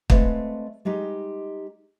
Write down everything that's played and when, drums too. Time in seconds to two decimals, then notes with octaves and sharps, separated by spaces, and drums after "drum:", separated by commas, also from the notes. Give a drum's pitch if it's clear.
0.10 G#3 A3 C4 B4 D5 F5, drum: kick
0.85 G3 G#3 D#4 G4